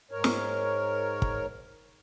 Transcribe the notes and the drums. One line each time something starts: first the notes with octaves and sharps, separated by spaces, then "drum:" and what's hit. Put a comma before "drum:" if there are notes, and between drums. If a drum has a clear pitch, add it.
G#2 A#4 C#5
drum: snare
drum: kick